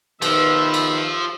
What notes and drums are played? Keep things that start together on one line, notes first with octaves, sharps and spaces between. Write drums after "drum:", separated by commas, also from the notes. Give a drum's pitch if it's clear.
B2 D#3 F3 B3 E5, drum: cymbal
drum: cymbal